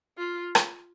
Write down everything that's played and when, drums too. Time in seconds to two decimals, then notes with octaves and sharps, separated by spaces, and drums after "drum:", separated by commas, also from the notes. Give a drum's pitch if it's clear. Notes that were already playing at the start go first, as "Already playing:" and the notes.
0.18 F4
0.55 drum: rim click